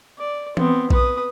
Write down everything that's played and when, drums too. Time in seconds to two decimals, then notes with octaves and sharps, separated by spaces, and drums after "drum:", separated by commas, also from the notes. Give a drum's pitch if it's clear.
0.18 D5
0.57 B3 C4, drum: tom E3
0.90 B4 D#6, drum: kick A#1